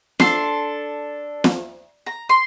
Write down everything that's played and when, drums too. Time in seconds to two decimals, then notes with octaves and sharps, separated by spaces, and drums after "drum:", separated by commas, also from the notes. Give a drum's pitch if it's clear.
0.20 D4 A4 C6, drum: snare
1.44 drum: snare
2.07 A#5
2.29 C6